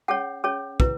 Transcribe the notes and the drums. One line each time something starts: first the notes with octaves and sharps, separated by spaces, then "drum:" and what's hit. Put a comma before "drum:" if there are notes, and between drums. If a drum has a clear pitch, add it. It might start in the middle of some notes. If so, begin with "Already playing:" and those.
C#4 G#4 C#5 F#5
C#4 G#4 C#5
E4 B4, drum: kick